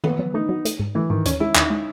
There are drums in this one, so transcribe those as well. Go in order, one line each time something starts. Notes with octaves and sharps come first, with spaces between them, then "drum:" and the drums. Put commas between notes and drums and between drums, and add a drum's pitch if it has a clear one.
A3 B3, drum: tom D#3
F#3
A3 D#4
F#3
A3, drum: hi-hat
G#2
E3 A3
G#2 D#3
D#2 C#4, drum: hi-hat
G#3 E4
D#2 D#4, drum: clap
G#3